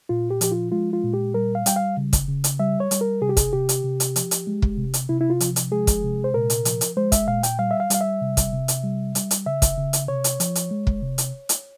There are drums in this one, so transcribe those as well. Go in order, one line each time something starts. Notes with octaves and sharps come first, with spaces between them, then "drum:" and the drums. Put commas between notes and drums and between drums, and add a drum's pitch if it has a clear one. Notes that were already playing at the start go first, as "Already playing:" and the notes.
A#2 F4
G4
F3 G4, drum: hi-hat
F4
G#3 F4
F4
A#2
G4
G3 A#4
F5
G3 G5, drum: hi-hat
F5
C#3
drum: kick, hi-hat
C#3
drum: hi-hat
G3 E5
C#5
G3, drum: hi-hat
A#4
C3 G#4
G4
G#4, drum: kick, hi-hat
C3 G4
drum: hi-hat
C3
drum: hi-hat
F3, drum: hi-hat
drum: hi-hat
G#3
drum: kick
C3
drum: hi-hat
C3 E4
E4
F4
F3, drum: hi-hat
drum: hi-hat
G#3 G#4
drum: kick, hi-hat
C3
C5
A#2 A#4
drum: hi-hat
F3, drum: hi-hat
drum: hi-hat
G#3 C5
E5, drum: kick, hi-hat
A#2 F5
G5, drum: hi-hat
G3 F5
E5
F5
G3 F5, drum: hi-hat
E5
C3
drum: kick, hi-hat
C3
drum: hi-hat
G3
G3, drum: hi-hat
drum: hi-hat
C#3 E5
drum: kick, hi-hat
C#3
drum: hi-hat
C3 C#5
drum: hi-hat
F3, drum: hi-hat
drum: hi-hat
G#3
drum: kick
C3
drum: hi-hat
drum: hi-hat